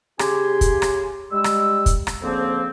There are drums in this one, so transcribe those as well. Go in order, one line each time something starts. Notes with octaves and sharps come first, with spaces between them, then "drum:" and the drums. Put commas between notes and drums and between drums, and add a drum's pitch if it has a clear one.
C#3 G4 G#5 C6, drum: rim click
drum: kick, hi-hat
drum: rim click
G3 G#3 E6
drum: rim click
drum: kick, hi-hat
drum: rim click
D2 C#3 F3 A#3 C4